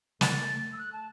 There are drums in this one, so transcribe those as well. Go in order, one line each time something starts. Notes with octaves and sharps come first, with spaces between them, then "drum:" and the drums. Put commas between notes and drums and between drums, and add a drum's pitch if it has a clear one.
A3 A6, drum: snare
A3
E6
F#6
A5